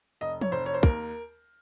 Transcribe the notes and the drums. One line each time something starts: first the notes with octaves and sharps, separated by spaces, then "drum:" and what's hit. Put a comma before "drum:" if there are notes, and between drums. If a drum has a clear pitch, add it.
F1 D#5
C#5, drum: tom
F1 C5
C#5
C5
D#2 A#4, drum: kick